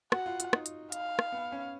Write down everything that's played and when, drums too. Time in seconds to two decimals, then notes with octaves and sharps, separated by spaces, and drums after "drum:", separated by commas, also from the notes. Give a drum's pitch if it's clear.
0.12 F#4 F#5, drum: rim click
0.26 F4
0.40 F4, drum: hi-hat
0.53 D#4, drum: rim click
0.66 drum: hi-hat
0.92 F5, drum: hi-hat
1.19 drum: rim click
1.32 B3
1.52 C#4